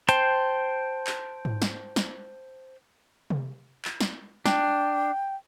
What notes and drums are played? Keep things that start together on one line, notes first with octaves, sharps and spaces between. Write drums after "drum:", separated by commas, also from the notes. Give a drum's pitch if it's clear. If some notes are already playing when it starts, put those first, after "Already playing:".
C5 G5 A5 C6, drum: hi-hat
drum: clap
drum: tom G#2
drum: snare
drum: snare
drum: tom C3
drum: clap
drum: snare
D4 G5, drum: snare